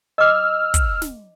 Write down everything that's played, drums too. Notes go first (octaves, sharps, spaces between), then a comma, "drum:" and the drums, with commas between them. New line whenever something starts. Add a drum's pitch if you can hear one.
D#5 D6 E6 F6
drum: kick, hi-hat
drum: snare